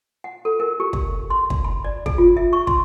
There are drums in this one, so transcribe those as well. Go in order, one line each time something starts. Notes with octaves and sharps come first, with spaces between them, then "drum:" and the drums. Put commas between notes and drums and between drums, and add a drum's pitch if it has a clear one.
F#5
A4
A#4
G4
drum: kick
C6
drum: kick
B5
D5
G#4, drum: kick
F4
E5
C#6
C6, drum: kick